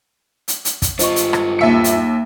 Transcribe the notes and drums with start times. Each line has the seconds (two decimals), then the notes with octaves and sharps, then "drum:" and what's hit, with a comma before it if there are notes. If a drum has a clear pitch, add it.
0.48 drum: hi-hat
0.65 drum: hi-hat
0.82 drum: kick, hi-hat
0.99 G2 F4 C5 D#5 C#6, drum: hi-hat
1.16 drum: hi-hat
1.33 drum: rim click
1.59 D#2 E5 C#7
1.84 drum: hi-hat